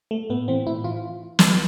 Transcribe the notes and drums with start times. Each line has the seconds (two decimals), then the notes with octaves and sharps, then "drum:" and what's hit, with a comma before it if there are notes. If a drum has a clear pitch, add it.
0.11 A3
0.30 A2 B3
0.48 E3 C4
0.67 A2 E4
0.84 E3 F4
1.39 drum: snare